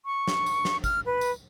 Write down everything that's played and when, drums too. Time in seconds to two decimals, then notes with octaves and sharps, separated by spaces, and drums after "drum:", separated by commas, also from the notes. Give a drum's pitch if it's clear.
0.06 C#6
0.28 drum: snare
0.46 drum: tambourine
0.65 drum: snare
0.84 F6, drum: kick, tambourine
1.06 B4
1.21 drum: tambourine